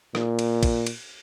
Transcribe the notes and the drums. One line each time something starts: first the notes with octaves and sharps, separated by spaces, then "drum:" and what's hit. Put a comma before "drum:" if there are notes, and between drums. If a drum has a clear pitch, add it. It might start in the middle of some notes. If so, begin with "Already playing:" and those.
A#2, drum: rim click
drum: cymbal
drum: kick, cymbal
drum: cymbal